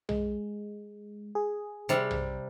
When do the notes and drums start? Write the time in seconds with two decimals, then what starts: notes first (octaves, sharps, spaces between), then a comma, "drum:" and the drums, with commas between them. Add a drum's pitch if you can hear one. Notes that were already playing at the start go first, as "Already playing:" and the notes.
0.09 G#3, drum: tom B1
1.35 G#4
1.89 C3 G3, drum: hi-hat
2.11 drum: tom B1